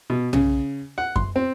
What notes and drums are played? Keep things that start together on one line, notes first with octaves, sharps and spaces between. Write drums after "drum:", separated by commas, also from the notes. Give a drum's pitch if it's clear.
B2
C#3, drum: tom B1
F#5
C6, drum: kick F#2
C4